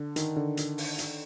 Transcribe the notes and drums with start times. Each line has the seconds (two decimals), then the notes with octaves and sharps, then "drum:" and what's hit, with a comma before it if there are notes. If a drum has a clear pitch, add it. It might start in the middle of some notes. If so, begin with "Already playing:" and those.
Already playing: D3
0.16 D#3, drum: hi-hat
0.37 D3
0.57 drum: hi-hat
0.78 drum: open hi-hat
0.99 drum: hi-hat